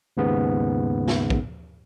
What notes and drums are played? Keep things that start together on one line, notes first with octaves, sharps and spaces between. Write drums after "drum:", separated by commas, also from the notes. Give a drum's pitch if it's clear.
D#2 G#2 C#3 B3
drum: snare
drum: kick